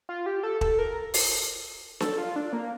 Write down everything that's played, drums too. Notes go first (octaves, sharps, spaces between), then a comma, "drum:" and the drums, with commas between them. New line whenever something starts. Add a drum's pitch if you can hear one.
F4
G4
A4
A4, drum: kick
A#4
drum: open hi-hat
A4, drum: snare D4
F4
D4
A#3